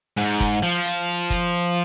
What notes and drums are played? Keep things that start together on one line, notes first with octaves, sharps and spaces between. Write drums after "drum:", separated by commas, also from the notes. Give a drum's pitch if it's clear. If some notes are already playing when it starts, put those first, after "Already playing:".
G#2
drum: kick, hi-hat
F3
drum: hi-hat
drum: kick, hi-hat